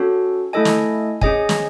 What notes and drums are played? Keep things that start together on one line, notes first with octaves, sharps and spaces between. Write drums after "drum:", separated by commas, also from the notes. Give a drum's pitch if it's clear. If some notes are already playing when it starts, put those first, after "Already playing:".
Already playing: C#4 F#4 A4
A3 E4 A4 D#5 G#5
drum: snare
C#4 G#4 D#5 G#5, drum: kick
drum: snare